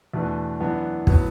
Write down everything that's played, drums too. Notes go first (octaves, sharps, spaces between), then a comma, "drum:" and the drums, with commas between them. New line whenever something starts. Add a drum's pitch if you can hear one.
E2 B2 A3 D4 B4
F#2 E3 B3 D4
A2 F#3 B3, drum: kick